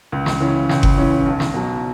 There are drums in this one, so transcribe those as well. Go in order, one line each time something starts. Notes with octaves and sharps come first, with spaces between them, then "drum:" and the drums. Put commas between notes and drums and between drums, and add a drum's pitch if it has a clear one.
C#2
drum: snare
C#3 E3 C#4
C#2, drum: snare
drum: kick F#1
C#3 E3 C#4
B1
drum: snare
B2 F#3